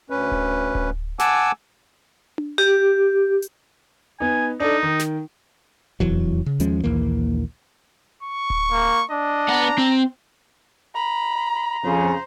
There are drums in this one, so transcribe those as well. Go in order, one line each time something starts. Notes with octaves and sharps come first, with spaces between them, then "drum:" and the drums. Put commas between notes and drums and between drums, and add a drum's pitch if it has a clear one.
D2 C#4 B4
drum: kick D1
drum: kick D1
F#5 G#5 A5 D6 E6, drum: snare
drum: tom D4
G4
drum: hi-hat
B3 D#4 G#5
D4 D#4 A4
D#3
drum: snare
F1 E2 E3 F#3, drum: kick D1
C#3
D#2 F3 G#3 C#4, drum: hi-hat
A#1 D#2 E3 A#3
C#6
drum: kick D1
A#3
D4 D#5
B3 F#5 A#5
C4
A#5 B5
F2 C#3 C5